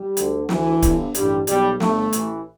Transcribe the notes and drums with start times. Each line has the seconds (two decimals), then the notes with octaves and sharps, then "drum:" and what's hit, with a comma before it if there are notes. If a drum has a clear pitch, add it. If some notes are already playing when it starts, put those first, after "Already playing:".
Already playing: G3
0.17 D2 D3, drum: hi-hat
0.49 D2 D3 E3, drum: snare
0.82 G1 G2 D3, drum: kick D1, hi-hat
1.14 A1 G2 D3 G3, drum: hi-hat
1.47 B1 B2 G3, drum: hi-hat
1.80 G1 G2 D3 A3, drum: snare
2.13 A1 A2 E3, drum: hi-hat